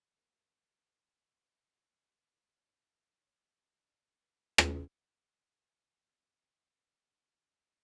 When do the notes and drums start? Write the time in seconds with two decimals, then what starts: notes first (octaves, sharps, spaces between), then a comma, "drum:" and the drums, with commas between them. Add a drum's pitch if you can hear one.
0.16 D#3 G3 A#3 C4
1.33 D2 C4
2.58 C#4
2.69 E3
2.94 A#5
3.18 C#5
3.47 G#3
3.78 D4
4.03 G#4
4.22 B4
4.58 drum: rim click
5.78 D#4
5.99 E2 F4
6.24 C3
6.79 B3 D4
7.56 A#3 C5